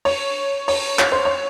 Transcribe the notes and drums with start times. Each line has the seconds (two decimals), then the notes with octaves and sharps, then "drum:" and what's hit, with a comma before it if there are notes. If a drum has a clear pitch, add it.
0.05 C#5, drum: open hi-hat
0.68 C#5, drum: open hi-hat
0.99 C#5, drum: clap
1.12 C5
1.25 C#5